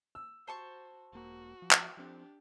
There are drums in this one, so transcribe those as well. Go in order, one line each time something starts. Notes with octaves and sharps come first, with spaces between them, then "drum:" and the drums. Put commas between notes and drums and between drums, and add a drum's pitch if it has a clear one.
E6
F#4 C5 A5 C#6
E1 A#3 F#4
F3
drum: clap
F3 C4 D4 G4